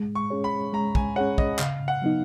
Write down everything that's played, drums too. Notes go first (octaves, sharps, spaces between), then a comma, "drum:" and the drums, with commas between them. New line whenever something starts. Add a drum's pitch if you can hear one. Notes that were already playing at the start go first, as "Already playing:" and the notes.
Already playing: G#3
C#6
C#4 G#4 C#5
B5
G#3 A#5
G#5, drum: kick
C#4 G#4 C#5 F#5
D#5, drum: kick
C#3 F5, drum: clap
F#5
F#3 B3 D#4